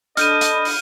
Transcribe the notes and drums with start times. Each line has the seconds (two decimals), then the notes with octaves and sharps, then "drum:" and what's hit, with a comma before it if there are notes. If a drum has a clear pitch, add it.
0.17 D4 A4 D#5 B5 F6 G6 D#7, drum: hi-hat
0.41 drum: hi-hat
0.65 drum: open hi-hat